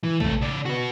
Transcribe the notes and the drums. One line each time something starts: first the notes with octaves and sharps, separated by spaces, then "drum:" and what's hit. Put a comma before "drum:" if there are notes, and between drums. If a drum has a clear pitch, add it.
E3
C3 A3, drum: kick
C#3 D5
F#4 B4